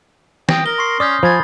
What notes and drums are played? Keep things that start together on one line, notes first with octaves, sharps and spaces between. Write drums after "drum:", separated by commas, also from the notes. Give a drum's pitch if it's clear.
G5 D#6 A#6, drum: snare
A#4 G7
C6 C#6 C7
C#4 D5 D#6 F6 G6
F3 G#5 B5 G#6 A6